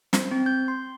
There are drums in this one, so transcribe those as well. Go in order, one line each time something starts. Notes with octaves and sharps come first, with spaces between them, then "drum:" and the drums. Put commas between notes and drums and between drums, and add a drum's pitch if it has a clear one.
C5, drum: snare
C4
G6
C6